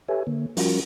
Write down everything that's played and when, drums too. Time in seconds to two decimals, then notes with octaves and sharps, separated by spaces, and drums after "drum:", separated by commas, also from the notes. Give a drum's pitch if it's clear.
0.08 G4 A4 B4 C#5 E5 G#5
0.27 D3 A#3
0.57 F3 G3 C#4 F4 F#4 A#4, drum: open hi-hat